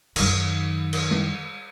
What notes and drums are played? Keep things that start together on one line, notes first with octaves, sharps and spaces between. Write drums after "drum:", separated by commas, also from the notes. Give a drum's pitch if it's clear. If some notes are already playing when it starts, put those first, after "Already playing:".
F#2 D#3, drum: cymbal
drum: cymbal
drum: tom G#3